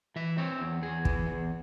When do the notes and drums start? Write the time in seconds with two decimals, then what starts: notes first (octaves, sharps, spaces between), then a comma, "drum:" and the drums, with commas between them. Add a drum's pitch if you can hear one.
0.16 E3 E5
0.38 C4 C#5
0.60 E2
0.82 E2 G#4
1.05 E3, drum: kick
1.27 E2